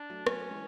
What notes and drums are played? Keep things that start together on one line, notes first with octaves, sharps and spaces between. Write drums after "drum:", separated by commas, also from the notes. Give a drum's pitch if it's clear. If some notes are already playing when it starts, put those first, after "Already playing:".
Already playing: D4
F#3 A3
F#3 A3 C#4, drum: rim click
E3 G#3